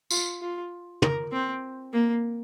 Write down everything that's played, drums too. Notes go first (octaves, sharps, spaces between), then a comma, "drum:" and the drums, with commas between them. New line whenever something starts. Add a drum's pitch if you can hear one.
F4, drum: tambourine
F4
A#4, drum: tom
C4
A#3